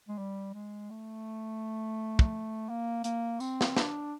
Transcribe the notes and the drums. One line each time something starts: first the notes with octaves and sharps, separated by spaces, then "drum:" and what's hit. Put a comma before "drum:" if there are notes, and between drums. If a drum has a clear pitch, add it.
G#3
G3
G#3
A3
drum: kick
A#3
A#3, drum: hi-hat
C4, drum: tambourine
drum: snare
D4, drum: snare